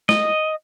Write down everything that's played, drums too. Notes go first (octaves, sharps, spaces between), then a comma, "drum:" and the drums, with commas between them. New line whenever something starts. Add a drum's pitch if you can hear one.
D#5, drum: snare